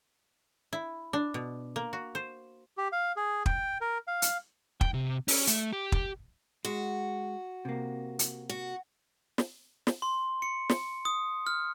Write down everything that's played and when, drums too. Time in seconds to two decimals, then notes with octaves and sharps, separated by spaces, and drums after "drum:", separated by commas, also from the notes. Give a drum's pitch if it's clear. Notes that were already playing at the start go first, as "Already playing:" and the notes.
0.73 E4
1.13 D4
1.34 B2
1.76 A#3
1.93 F#4
2.15 C5
2.78 G4
2.92 F5
3.16 G#4
3.46 G5, drum: kick
3.81 A#4
4.07 F5
4.22 drum: hi-hat
4.81 G5, drum: kick
4.94 C3
5.28 C#4, drum: open hi-hat
5.47 A3, drum: hi-hat
5.73 G4
5.92 drum: kick
6.65 G#3 F#4
7.65 C3 A#3
8.19 drum: hi-hat
8.49 F#4
9.38 drum: snare
9.87 drum: snare
10.02 C6
10.42 C#7
10.69 drum: snare
11.05 D#6
11.47 F6